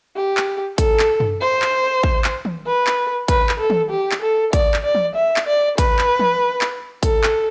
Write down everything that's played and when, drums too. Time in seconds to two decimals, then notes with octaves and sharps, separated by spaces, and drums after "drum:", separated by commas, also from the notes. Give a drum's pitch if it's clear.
0.16 G4
0.37 drum: clap
0.78 A4, drum: kick, hi-hat
0.99 drum: clap
1.20 drum: tom
1.41 C5
1.62 drum: clap
2.03 drum: kick
2.24 drum: clap
2.45 drum: tom
2.66 B4
2.87 drum: clap
3.28 B4, drum: kick, hi-hat
3.49 drum: clap
3.59 A4
3.70 drum: tom
3.90 G4
4.11 drum: clap
4.22 A4
4.53 D5, drum: kick, hi-hat
4.74 drum: clap
4.84 D5
4.95 drum: tom E3
5.15 E5
5.36 drum: clap
5.47 D5
5.78 B4, drum: kick, hi-hat
5.99 drum: clap
6.19 drum: tom E3
6.61 drum: clap
7.03 A4, drum: kick, hi-hat
7.23 drum: clap